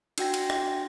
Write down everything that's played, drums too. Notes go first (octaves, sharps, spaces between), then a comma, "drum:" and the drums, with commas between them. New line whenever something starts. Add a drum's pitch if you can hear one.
D4 F#4 G5 A#6, drum: cymbal
drum: cymbal
drum: rim click